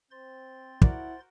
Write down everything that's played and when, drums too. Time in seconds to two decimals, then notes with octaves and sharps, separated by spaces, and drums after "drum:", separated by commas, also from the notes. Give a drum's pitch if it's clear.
0.11 C4 C5 C6 A6
0.82 E4 F#4 A#4 D5 F#5, drum: kick